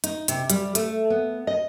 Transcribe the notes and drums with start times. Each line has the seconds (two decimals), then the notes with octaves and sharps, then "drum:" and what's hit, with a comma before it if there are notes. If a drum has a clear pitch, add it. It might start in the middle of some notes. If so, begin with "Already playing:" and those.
0.04 D#4, drum: hi-hat
0.28 C3, drum: hi-hat
0.50 G3, drum: hi-hat
0.75 A3, drum: hi-hat
1.10 B3
1.47 D#5